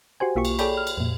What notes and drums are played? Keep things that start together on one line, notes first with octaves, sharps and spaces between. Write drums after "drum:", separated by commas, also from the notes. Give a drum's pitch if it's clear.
F#4 G4 C5 G#5
B1 A#3 F4 G4 C#6
drum: cymbal
G#4 A4 C#5 D5 G5 B5, drum: cymbal
F6
drum: cymbal
F2 A#2